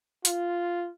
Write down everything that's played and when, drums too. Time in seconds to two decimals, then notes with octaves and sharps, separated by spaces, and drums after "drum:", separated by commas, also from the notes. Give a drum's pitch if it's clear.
0.25 F4, drum: hi-hat